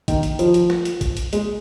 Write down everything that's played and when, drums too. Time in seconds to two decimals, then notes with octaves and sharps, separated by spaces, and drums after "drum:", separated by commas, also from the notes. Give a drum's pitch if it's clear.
0.08 D#3, drum: kick G#1, hi-hat
0.23 drum: hi-hat
0.39 F3, drum: hi-hat
0.54 drum: hi-hat
0.70 drum: snare
0.85 drum: hi-hat
1.01 drum: kick G#1, hi-hat
1.17 drum: hi-hat
1.33 G#3, drum: hi-hat